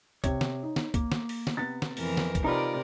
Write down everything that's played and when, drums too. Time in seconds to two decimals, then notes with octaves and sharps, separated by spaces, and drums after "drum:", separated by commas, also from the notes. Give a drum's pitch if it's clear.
0.24 C3 C#5, drum: kick C2, hi-hat
0.41 drum: snare
0.63 D#4
0.76 drum: snare
0.94 A#3, drum: kick C2, hi-hat
1.12 drum: snare
1.29 drum: open hi-hat
1.47 drum: snare
1.57 C3 B3 A6
1.82 drum: snare
1.97 F2 E3 A#4, drum: open hi-hat
2.17 drum: snare
2.35 drum: kick C2, hi-hat
2.44 C3 D#4 F4 A#4 D5 A#5 B5